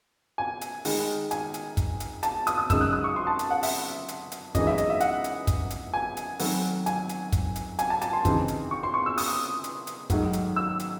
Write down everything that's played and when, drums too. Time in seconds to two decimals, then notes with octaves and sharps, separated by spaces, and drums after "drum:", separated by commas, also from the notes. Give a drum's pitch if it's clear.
0.38 G#5
0.61 drum: hi-hat
0.85 D#3 G#3 D#4, drum: open hi-hat
1.31 G#5, drum: hi-hat
1.54 drum: hi-hat
1.77 drum: kick, hi-hat
2.00 drum: hi-hat
2.23 A5, drum: hi-hat
2.47 D#6, drum: hi-hat
2.58 D#6
2.70 F#2 C#3 G#3 D#4 E6, drum: kick, hi-hat
2.81 F#6
2.93 D#6
3.04 C#6
3.16 C6
3.27 A5
3.39 drum: hi-hat
3.51 F#5
3.63 E5, drum: open hi-hat
4.08 drum: hi-hat
4.32 drum: hi-hat
4.55 F#2 E3 G#3 D#4 D#5, drum: kick, hi-hat
4.67 E5
4.78 D#5, drum: hi-hat
4.90 E5
5.00 F#5, drum: hi-hat
5.24 drum: hi-hat
5.47 drum: kick, hi-hat
5.70 drum: hi-hat
5.94 G#5
6.17 drum: hi-hat
6.39 D#3 F#3 A3 C4, drum: open hi-hat
6.86 G#5, drum: hi-hat
7.09 drum: hi-hat
7.32 drum: kick, hi-hat
7.56 drum: hi-hat
7.79 G#5, drum: hi-hat
7.90 A5
8.02 A5, drum: hi-hat
8.13 C6
8.25 C#3 E3 C4 D#4, drum: kick, hi-hat
8.48 drum: hi-hat
8.71 C#6
8.83 C6
8.94 C#6
9.06 E6
9.18 D#6, drum: open hi-hat
9.64 drum: hi-hat
9.87 drum: hi-hat
10.10 G#2 D#3 F#3 A3 D#4, drum: kick, hi-hat
10.33 drum: hi-hat
10.56 E6
10.80 drum: hi-hat